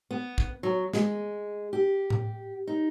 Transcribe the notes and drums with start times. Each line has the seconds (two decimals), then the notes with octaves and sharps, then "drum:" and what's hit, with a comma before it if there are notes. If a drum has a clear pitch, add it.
0.11 B3
0.38 drum: kick
0.63 F#3
0.93 G#3, drum: snare
1.73 G4
2.10 drum: tom A2
2.67 D#4